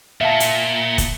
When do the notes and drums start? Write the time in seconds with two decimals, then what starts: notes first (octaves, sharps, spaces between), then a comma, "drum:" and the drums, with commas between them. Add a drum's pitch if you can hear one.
0.21 A#2 E5 F5 A5
0.40 drum: hi-hat
0.98 drum: kick, hi-hat